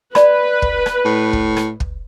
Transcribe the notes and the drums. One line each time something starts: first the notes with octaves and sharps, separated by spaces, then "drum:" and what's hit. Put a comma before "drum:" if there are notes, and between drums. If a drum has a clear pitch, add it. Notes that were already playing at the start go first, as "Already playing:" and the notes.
B4 D5 B5, drum: rim click
drum: kick
drum: rim click
A2
drum: kick
drum: rim click
drum: kick